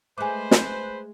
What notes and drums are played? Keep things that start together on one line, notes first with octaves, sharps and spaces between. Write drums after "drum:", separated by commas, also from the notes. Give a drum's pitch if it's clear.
G#3 A3 B4 C5 G#5 D6
drum: snare